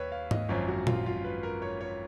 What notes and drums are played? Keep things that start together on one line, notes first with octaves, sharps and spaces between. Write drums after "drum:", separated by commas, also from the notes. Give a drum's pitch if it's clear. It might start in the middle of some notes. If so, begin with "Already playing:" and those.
Already playing: D#2 B4 C#5
F5
D#5, drum: tom G#2
G#1 F#2 F3 C#5
F#4
F4, drum: tom A#2
F4
B4
A#4
C#5
C#5